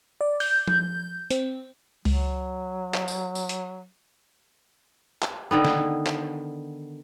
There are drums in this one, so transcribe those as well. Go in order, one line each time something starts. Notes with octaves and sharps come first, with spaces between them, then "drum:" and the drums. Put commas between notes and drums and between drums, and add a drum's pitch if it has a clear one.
D5
G6, drum: open hi-hat
drum: tom F3
C4, drum: hi-hat
C#2 F#3, drum: open hi-hat
drum: clap
drum: tambourine
drum: tambourine
drum: hi-hat
drum: clap
D3 D#3 B3
drum: snare
drum: clap